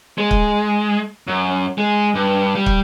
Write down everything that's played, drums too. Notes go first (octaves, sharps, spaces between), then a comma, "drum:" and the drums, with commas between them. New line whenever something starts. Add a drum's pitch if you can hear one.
G#3
drum: kick
F#2
G#3
G2
G3
drum: kick